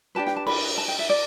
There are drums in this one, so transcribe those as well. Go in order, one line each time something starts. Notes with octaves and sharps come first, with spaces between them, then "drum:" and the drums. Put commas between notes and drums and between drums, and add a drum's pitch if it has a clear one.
D4 G4 B4 A5
G5, drum: snare
A5
B5, drum: cymbal
A5
G5
E5
D5